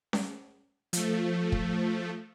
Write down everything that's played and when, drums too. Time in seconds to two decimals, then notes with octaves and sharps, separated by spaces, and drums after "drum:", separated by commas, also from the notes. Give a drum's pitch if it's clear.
0.13 drum: snare C#4
0.93 F3 A3, drum: hi-hat
1.52 drum: kick